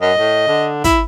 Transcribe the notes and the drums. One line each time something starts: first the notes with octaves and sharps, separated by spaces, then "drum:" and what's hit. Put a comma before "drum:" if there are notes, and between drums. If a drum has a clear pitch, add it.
F#2 D#5
A2
D3
E4, drum: kick, hi-hat